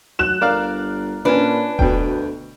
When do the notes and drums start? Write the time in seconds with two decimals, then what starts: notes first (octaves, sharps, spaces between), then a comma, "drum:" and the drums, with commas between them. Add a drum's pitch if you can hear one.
0.19 F#3 F#6 E7
0.41 G1 A#4 D5 F5
1.25 A#2 C#4 D4 B4
1.79 D2 B2 G5, drum: kick E1